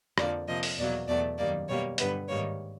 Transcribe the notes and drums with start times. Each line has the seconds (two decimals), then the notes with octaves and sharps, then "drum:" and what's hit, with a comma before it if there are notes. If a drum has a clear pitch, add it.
0.18 F2 D3 F3 A#3 D5, drum: rim click
0.48 C3 F3 A#3 D#5
0.63 drum: open hi-hat
0.78 E2 B2 F#3 A#3 D5
1.08 E2 B2 F#3 A3 D5
1.38 F#2 D#3 G3 A#3 D5
1.69 B2 G3 A#3 C#5
1.98 G2 D3 G3 B3 B4, drum: hi-hat
2.28 G#2 D#3 G3 A#3 C#5